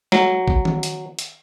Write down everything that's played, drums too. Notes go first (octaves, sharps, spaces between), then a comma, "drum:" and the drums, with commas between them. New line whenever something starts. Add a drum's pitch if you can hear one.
F#3, drum: snare
drum: kick A1
drum: tom D#3
drum: hi-hat
drum: hi-hat